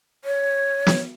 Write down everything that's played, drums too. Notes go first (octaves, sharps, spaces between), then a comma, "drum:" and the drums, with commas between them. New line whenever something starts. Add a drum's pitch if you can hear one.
C#5
drum: snare